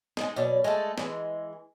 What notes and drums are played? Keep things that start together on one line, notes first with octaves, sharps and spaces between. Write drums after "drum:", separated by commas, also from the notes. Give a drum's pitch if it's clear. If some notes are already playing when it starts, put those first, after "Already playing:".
G#3 D#4, drum: snare
B2 F#3 D5
G#3 A3 F4 A4
E3 G#3, drum: snare